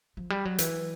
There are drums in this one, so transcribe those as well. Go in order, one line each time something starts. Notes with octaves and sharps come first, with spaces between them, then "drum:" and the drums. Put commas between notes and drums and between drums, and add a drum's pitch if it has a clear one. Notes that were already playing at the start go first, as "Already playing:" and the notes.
F3
G3
F#3
E3, drum: hi-hat